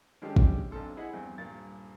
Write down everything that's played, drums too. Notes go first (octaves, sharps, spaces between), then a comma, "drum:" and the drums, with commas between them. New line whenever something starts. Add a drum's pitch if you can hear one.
D#3 G#3 C#4 D4 G4 A4
drum: kick
B1 A#3 C4 D4 A4 C6
E4 G#4 C5 D#5 E5 F#5
E2 G2 C4
D#1 G2 A#3 A6